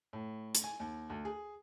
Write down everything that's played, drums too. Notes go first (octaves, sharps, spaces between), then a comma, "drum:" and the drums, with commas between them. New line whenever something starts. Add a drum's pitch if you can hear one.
A2
drum: hi-hat
G#5
D#2
D2
G#4